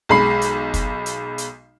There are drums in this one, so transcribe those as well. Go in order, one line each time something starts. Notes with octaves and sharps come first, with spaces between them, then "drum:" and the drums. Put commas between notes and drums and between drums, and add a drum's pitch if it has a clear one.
B1 G#3 B5 C7
drum: hi-hat
drum: kick, hi-hat
drum: hi-hat
drum: hi-hat